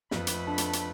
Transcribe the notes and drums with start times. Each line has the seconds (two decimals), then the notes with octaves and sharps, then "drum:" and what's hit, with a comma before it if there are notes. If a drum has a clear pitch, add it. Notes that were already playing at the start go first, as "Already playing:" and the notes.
0.11 F2 A3 B4 B5, drum: snare
0.27 drum: hi-hat
0.47 D4 A5
0.58 drum: hi-hat
0.73 drum: hi-hat